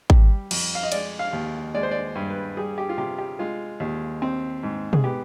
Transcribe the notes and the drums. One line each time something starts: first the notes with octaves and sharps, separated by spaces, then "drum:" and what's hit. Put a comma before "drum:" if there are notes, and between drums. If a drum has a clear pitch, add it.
G3, drum: kick G#1
F2, drum: cymbal
F5
D#5
G#3 D5, drum: cymbal
F5
D#2
G#3 D5
C5
D5
G2
B4
G3 G#4
G4
F4
C3 G4
G4
G#3 F4
D#2
C4
G#2
G#4, drum: tom
B3 G4